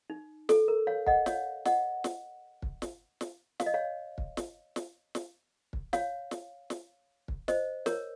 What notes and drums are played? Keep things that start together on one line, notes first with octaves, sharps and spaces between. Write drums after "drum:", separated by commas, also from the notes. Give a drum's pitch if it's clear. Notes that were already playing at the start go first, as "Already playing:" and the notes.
D#4
A4, drum: snare
A#4
C#5 F5
D#5 F#5, drum: kick
C#5 F5, drum: snare
D#5 F#5, drum: snare
drum: snare
drum: kick
drum: snare
drum: snare
F5, drum: snare
D#5
C#5 F5
drum: kick
drum: snare
drum: snare
drum: snare
drum: kick
C#5 F5, drum: snare
drum: snare
drum: snare
drum: kick
C5 D#5, drum: snare
A#4 C#5, drum: snare